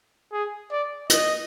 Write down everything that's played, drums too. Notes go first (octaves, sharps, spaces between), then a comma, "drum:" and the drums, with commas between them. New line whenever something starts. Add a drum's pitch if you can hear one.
G#4
D5
D#5, drum: hi-hat